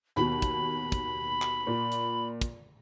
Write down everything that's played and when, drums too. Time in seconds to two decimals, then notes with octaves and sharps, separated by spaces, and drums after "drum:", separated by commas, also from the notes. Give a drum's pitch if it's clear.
0.16 D#2 B2 B5
0.42 drum: kick, hi-hat
0.92 drum: kick, hi-hat
1.42 drum: clap
1.67 A#2
1.92 drum: hi-hat
2.41 drum: kick, hi-hat